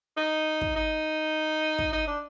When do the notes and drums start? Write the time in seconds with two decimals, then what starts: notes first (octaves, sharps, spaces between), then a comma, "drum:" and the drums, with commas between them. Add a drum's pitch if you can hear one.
0.17 D#4
0.61 drum: kick
0.76 D#4
1.78 drum: kick
1.93 D#4
2.08 D4